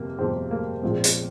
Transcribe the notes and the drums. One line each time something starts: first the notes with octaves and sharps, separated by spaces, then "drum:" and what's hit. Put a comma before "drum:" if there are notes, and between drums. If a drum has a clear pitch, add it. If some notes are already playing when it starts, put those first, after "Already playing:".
Already playing: G1 F2 C3 A#3
G1 F2 C3 C4
A#3
A#1 A#2 F3 G#3 C4
drum: hi-hat